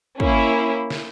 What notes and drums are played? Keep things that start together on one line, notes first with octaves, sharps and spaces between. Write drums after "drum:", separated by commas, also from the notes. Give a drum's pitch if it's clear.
A#3 C#4 E4, drum: kick
drum: snare